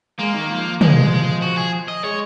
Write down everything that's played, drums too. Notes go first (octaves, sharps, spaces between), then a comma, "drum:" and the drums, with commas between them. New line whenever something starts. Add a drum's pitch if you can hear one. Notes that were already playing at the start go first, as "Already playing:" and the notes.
G#3 A#3
D#3
F3
F3 G#3, drum: tom
F3
F#4
G#4
D#5
G#3 C#5